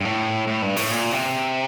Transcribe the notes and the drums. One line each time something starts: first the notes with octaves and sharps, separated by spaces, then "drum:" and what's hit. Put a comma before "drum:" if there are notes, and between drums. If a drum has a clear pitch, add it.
G2
A2
A2
G2
A2, drum: open hi-hat
A#2
C3